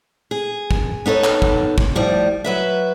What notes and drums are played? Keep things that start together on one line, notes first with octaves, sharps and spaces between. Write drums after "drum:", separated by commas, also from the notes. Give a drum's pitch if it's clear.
G#4
drum: kick
B3 D#4 A4 C#5
drum: clap
drum: kick
drum: kick
A2 F3 G3
F#3 B4 E5